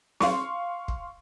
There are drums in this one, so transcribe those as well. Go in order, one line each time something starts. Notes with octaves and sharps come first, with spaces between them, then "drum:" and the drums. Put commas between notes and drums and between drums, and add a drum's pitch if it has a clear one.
F5 C6 C#6, drum: snare
drum: kick